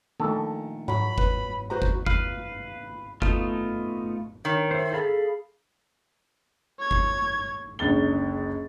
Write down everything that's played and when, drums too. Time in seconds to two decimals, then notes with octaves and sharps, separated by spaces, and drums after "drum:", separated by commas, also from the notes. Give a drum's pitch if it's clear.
0.20 A#1 D#3 A3 A4
0.88 F#3 B5, drum: tom G#2
1.18 B4, drum: kick G1
1.70 F#4 B4 C5 A#5
1.82 drum: kick G1
2.06 B4 F5, drum: kick G1
3.22 A3 B3 D#4 F4, drum: kick G1
4.45 D#3 C#5
4.71 E4 C5
4.93 G#4 A4 F5 B5
6.79 C#5 G#6
6.91 drum: kick G1
7.79 F#1 C#2 D3 A6 G7